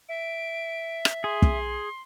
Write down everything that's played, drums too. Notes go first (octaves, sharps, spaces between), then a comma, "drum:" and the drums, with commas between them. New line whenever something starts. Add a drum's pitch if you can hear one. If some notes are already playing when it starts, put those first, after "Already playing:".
E5 D7
drum: rim click
G#4 C6
drum: kick